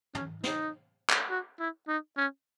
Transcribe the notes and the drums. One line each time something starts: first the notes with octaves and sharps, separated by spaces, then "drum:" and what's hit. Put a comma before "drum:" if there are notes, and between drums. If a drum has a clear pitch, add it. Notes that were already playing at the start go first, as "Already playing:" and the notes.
C#4, drum: tom
D#4, drum: snare
drum: clap
F#4
E4
D#4
C#4